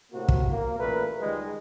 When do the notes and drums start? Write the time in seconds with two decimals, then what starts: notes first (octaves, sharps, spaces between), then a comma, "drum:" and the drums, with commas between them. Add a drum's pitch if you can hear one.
0.12 A2 C3 A#3 F#4
0.28 drum: kick
0.49 A#3
0.78 A1 A#2 A3 A#4 B4
1.20 C#2 D#3 G3 G#3